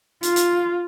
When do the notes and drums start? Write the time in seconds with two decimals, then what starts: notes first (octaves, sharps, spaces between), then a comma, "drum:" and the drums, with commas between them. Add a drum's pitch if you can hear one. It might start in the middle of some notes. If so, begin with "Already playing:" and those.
0.23 F4, drum: hi-hat
0.36 drum: hi-hat